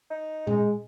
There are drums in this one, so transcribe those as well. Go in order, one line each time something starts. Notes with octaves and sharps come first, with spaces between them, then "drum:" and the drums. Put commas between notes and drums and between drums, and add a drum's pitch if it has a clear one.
D#4
G#3, drum: tom A#2